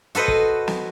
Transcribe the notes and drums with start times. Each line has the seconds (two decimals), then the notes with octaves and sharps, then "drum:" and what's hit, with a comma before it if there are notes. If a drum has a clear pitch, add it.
0.15 F#4 A4 B4 C5 D#5
0.28 drum: kick
0.68 drum: snare